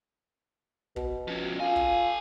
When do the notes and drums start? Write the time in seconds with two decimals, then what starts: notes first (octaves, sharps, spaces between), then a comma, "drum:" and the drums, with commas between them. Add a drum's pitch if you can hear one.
0.96 B2, drum: kick
1.28 F3 C#4
1.60 F4 A4 G#5
1.76 drum: kick